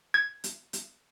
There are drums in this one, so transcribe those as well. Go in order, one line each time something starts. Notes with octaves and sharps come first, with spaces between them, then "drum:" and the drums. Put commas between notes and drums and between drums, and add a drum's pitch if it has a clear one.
G#6
drum: hi-hat
drum: hi-hat